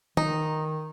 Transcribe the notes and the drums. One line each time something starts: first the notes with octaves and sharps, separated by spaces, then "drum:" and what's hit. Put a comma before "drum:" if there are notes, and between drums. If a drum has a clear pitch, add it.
D#3 D#4, drum: tom